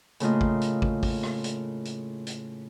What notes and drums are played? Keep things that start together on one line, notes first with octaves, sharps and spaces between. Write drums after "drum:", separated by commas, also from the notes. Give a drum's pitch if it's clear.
A2 C#3 A3 A#3 F4 D#5, drum: hi-hat
drum: kick
drum: hi-hat
drum: kick
drum: kick, open hi-hat
drum: rim click
drum: hi-hat
drum: hi-hat
drum: hi-hat